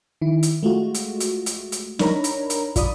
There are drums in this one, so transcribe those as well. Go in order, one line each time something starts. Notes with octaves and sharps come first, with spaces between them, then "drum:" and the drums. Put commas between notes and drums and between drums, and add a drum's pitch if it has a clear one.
D#3 E4
drum: hi-hat
G#3 A3 F4 F#4
drum: hi-hat
drum: hi-hat
drum: hi-hat
drum: hi-hat
D4 D#4 A#4 C#5 A#5 B5, drum: snare
drum: hi-hat
drum: hi-hat
F4 D5 B5 D#6, drum: kick, hi-hat